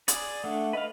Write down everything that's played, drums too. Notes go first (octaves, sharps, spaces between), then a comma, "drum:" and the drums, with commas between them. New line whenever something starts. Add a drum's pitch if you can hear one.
G#4 D5, drum: hi-hat
A3 D4 F#5
B4 D#5 F5